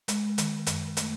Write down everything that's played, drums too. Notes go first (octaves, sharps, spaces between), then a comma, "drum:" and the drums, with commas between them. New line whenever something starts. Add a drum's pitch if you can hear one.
G#3, drum: hi-hat
D#3, drum: hi-hat
F#2, drum: hi-hat
A3, drum: hi-hat